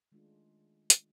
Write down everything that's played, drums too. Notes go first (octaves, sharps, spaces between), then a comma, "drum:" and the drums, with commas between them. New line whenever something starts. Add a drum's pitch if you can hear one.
D#3 G#3 A3 C#4 D4 F4
drum: hi-hat